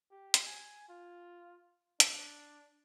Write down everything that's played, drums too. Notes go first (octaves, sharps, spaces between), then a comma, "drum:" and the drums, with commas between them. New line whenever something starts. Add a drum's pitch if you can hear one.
G4
drum: hi-hat
G#5
F4
D4, drum: hi-hat